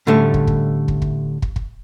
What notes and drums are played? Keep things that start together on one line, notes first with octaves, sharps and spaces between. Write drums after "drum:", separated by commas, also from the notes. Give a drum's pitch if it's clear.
A2 D3 G3 A3 C#4
drum: kick
drum: kick
drum: kick
drum: kick
drum: kick
drum: kick